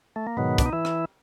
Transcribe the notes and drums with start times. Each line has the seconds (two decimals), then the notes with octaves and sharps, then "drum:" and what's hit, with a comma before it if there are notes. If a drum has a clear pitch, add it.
0.16 A3
0.27 A#3
0.37 G#2 B2 D#3 F#3 B3
0.58 D4, drum: kick, hi-hat
0.66 D#4
0.73 E3 E4
0.85 drum: rim click